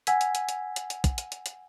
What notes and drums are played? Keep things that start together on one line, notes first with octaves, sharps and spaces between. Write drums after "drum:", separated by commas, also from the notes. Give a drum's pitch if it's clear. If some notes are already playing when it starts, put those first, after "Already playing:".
F#5 G#5 E6 G#6 B6, drum: hi-hat
drum: hi-hat
drum: hi-hat
drum: hi-hat
drum: hi-hat
drum: hi-hat
drum: kick, hi-hat
drum: hi-hat
drum: hi-hat
drum: hi-hat